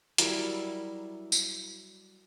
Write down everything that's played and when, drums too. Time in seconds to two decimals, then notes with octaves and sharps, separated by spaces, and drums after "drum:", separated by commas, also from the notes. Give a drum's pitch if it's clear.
0.18 F#3 G3 E4 A#4, drum: hi-hat
1.32 drum: tambourine